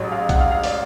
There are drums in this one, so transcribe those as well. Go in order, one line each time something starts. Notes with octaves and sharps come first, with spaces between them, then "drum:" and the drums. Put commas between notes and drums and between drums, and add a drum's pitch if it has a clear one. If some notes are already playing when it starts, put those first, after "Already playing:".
Already playing: A1 G#2 F#3 C#5
F5
F#5, drum: kick, hi-hat
F5
F5
D5, drum: open hi-hat